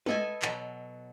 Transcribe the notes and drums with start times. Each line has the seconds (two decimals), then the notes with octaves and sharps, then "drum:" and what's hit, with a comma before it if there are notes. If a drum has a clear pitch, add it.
0.06 A4 B4 D#5 E5 G#5, drum: tom G#3
0.42 B2 F#3, drum: clap